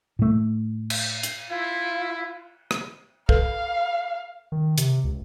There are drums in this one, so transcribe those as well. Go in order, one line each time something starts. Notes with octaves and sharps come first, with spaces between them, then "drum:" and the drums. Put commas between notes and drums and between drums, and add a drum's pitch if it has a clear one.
A2 A3
drum: cymbal
drum: hi-hat
E4 F4
drum: rim click
A4 B4 F5, drum: kick
D#3
C3, drum: hi-hat
C#2